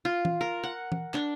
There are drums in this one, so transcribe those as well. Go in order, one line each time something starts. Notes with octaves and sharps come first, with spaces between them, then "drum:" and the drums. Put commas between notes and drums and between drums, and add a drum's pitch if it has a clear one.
F4
drum: tom E3
A#4
F#5
drum: tom E3
D4, drum: clap